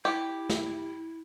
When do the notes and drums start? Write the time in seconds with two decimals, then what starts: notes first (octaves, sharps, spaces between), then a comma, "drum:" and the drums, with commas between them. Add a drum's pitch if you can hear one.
0.05 E4 G4
0.50 drum: snare